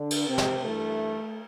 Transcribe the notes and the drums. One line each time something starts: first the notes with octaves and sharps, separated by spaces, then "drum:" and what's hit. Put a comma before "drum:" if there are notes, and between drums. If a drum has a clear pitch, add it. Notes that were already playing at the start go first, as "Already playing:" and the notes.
Already playing: D3 D4
drum: cymbal
C3 C4
drum: snare
G2 E3 A3